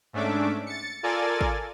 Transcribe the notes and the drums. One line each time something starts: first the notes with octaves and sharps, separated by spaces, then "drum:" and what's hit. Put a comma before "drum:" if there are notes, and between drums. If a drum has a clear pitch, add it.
G#2 A3 C#4 D4 E5 D6
A6 C#7
F4 A4 A#4 D5 G#5 A6
drum: kick